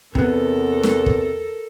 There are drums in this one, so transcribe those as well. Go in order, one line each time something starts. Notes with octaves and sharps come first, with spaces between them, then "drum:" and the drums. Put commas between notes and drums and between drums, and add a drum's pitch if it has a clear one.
E2 C3 B3 A4 A#4, drum: kick
drum: snare
drum: kick